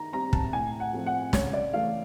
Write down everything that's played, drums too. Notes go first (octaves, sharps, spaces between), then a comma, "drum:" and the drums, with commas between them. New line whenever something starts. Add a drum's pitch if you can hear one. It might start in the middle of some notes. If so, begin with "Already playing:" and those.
Already playing: D#3 A#5
G3 C4 A#5
A5, drum: kick
A2 G#5
F#5
F3 A3 C4
F#5
C#3 C#5, drum: snare
D5
E3 A3 F5